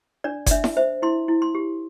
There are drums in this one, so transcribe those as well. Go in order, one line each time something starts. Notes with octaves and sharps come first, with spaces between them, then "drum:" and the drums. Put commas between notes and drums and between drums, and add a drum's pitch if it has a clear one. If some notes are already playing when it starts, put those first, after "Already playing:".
D4 D5
D5, drum: kick F#1, hi-hat
D4 E5
drum: snare E4
C5 E5
E4 C6
E4
C6
G4